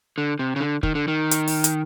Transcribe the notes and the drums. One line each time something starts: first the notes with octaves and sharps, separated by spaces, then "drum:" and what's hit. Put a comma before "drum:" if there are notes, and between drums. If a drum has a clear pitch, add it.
D3
C3
C#3
D3
D#3, drum: kick
D3
D#3
drum: hi-hat
drum: open hi-hat
drum: hi-hat